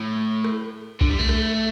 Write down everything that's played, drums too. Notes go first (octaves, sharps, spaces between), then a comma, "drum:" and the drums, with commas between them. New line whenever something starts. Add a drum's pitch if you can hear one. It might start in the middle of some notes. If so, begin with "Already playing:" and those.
Already playing: A2
drum: rim click
D3, drum: kick B1
G3
A3
drum: rim click